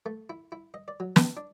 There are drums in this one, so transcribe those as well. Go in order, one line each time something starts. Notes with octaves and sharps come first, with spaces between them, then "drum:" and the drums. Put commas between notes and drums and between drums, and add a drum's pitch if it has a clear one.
A3
E4
E4
D#5
D5
F#3
B4, drum: snare
D4